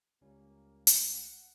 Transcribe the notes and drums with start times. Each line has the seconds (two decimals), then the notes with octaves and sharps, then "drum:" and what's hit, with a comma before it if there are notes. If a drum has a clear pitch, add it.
0.21 C#2 G3 A#3 C#4
0.87 F#5, drum: hi-hat